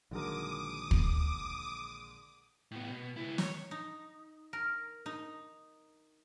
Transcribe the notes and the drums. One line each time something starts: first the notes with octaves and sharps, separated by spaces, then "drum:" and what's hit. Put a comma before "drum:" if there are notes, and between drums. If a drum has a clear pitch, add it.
A#1 D3 D#3 F#3 G#3 A#4 D6 D#6
drum: kick
A2 B3
B2
C#2 E4
C#5, drum: snare
D#4
A#4
D#4